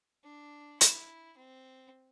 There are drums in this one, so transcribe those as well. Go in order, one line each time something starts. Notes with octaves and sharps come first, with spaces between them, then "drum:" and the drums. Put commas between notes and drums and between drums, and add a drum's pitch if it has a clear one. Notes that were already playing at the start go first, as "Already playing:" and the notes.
D4
E4, drum: hi-hat
C4